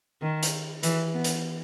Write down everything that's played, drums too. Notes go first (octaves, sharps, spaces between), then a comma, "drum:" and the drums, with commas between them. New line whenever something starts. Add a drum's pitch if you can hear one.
D#3
drum: hi-hat
E3, drum: hi-hat
B3
drum: hi-hat